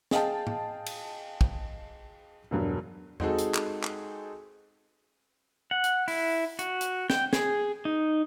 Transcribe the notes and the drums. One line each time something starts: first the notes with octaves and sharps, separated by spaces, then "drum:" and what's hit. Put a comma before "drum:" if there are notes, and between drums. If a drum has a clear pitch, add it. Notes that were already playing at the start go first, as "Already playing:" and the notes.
G#4 D#5 F5 G5 A5, drum: snare
drum: tom A2
drum: cymbal
drum: kick
E1 G2 F#3
G#3 C4 D#4 F#4 G#4 A4, drum: tom E2
drum: hi-hat
drum: clap
drum: clap
F#5
drum: hi-hat
E4, drum: open hi-hat
F#4, drum: hi-hat
drum: hi-hat
G5, drum: snare
G#4, drum: snare
D#4